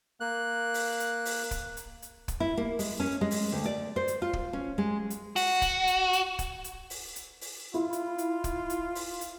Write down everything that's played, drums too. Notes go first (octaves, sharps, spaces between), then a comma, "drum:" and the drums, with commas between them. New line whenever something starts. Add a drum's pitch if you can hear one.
A#3 F#6
drum: open hi-hat
drum: hi-hat
drum: open hi-hat
drum: kick, hi-hat
drum: hi-hat
drum: hi-hat
drum: kick, hi-hat
E4
A#3
G#3, drum: open hi-hat
C#4
G#3
drum: open hi-hat
D2
D5
C5
drum: hi-hat
F4
drum: kick
C#4
G#3
drum: hi-hat
F#4, drum: open hi-hat
drum: kick, hi-hat
drum: hi-hat
drum: hi-hat
drum: kick, hi-hat
drum: hi-hat
drum: open hi-hat
drum: hi-hat
drum: open hi-hat
E4 F4
drum: hi-hat
drum: hi-hat
drum: kick, hi-hat
drum: hi-hat
drum: open hi-hat
drum: hi-hat